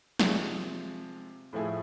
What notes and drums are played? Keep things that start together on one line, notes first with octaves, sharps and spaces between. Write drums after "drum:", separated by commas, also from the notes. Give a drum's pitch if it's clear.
C3 F3 G#3, drum: snare
A2 F3 A3 E4 G#4